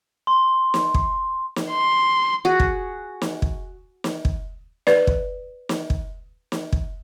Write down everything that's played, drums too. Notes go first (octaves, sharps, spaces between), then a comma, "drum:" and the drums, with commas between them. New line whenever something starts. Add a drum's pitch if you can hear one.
C6
drum: snare
drum: kick
drum: snare
C6
F#4 G#4
drum: kick
drum: snare
drum: kick
drum: snare
drum: kick
B4 D5, drum: snare
drum: kick
drum: snare
drum: kick
drum: snare
drum: kick